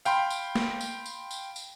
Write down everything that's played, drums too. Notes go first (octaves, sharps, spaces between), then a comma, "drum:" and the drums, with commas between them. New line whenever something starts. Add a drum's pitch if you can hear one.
F5 G5 B5 C6, drum: tambourine
drum: tambourine
drum: snare
drum: tambourine
drum: tambourine
drum: tambourine
drum: tambourine